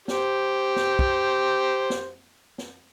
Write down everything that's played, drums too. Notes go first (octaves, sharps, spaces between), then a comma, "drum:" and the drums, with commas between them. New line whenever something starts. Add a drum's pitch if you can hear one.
G4 C5, drum: snare
drum: snare
drum: kick
drum: snare
drum: snare